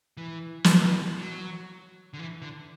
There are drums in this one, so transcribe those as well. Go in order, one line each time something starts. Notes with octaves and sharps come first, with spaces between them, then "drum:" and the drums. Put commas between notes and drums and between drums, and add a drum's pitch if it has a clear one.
E3
drum: snare
E3
F#3
D3
E3
D3